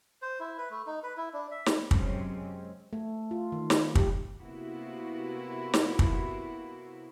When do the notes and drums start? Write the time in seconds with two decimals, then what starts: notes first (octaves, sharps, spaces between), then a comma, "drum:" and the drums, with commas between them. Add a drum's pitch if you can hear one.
0.22 C5
0.40 E4
0.58 B4
0.70 A3
0.87 D#4
1.03 B4
1.17 E4
1.33 D4
1.51 E5
1.66 drum: snare
1.91 F#2 C3 G#3 C4 C#4, drum: kick
2.93 A3
3.31 F4
3.52 D#3
3.70 drum: snare
3.95 G4, drum: kick
4.40 C3 A#3 B3 E4 F#4
5.74 drum: snare
5.99 drum: kick